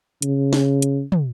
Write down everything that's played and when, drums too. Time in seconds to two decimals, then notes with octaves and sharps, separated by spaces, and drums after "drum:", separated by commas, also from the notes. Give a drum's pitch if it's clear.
0.22 C#3, drum: hi-hat
0.53 drum: snare
0.82 drum: hi-hat
1.12 drum: tom